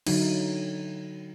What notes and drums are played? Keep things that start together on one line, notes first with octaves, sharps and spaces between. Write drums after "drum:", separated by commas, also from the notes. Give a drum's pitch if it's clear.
D3 F#3 D#4, drum: cymbal